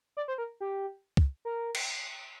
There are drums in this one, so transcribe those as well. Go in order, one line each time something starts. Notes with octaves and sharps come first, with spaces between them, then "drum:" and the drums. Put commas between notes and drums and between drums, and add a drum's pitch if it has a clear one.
D5
C5
A#4
G4
drum: kick
A#4
drum: cymbal